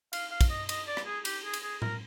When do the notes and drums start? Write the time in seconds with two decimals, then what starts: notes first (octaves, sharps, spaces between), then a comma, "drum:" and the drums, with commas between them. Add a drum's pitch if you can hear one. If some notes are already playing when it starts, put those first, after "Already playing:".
0.13 F5, drum: cymbal
0.31 F5
0.41 drum: kick, cymbal
0.50 D#5
0.69 D#5, drum: cymbal
0.88 D5
0.97 drum: rim click
1.06 G#4
1.25 G4, drum: cymbal
1.45 G#4
1.54 drum: cymbal
1.63 G#4
1.82 A#4, drum: tom A2